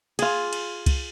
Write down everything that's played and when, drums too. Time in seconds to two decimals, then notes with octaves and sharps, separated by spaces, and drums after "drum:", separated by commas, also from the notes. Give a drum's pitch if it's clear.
0.19 F4 G#4, drum: cymbal
0.53 drum: cymbal
0.86 drum: kick, cymbal